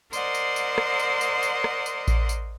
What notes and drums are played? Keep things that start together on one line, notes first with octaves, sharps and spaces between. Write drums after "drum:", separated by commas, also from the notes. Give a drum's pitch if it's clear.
A#4 C5 D5 D#5 F#5 C6, drum: tambourine
drum: tambourine
drum: tambourine
drum: rim click
drum: tambourine
drum: tambourine
drum: tambourine
drum: rim click
drum: tambourine
drum: kick A1, tambourine
drum: tambourine